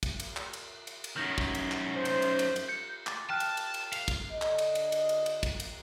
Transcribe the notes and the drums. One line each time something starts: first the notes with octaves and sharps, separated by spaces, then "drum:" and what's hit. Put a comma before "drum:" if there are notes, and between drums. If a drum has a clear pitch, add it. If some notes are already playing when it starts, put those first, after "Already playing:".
drum: kick, cymbal
drum: cymbal
drum: clap
drum: cymbal
drum: cymbal
drum: cymbal
F#2 D#3 F6 G6 A#6
drum: kick
drum: cymbal
drum: clap
C5
drum: cymbal
drum: cymbal
drum: cymbal
drum: cymbal
G6 C#7
D6 A6, drum: clap
G5 A5 F6 F#6
drum: cymbal
drum: cymbal
drum: cymbal
F5, drum: cymbal
drum: kick, cymbal
D3 D#5
drum: clap
drum: cymbal
drum: cymbal
drum: cymbal
drum: cymbal
drum: cymbal
drum: kick, cymbal
drum: cymbal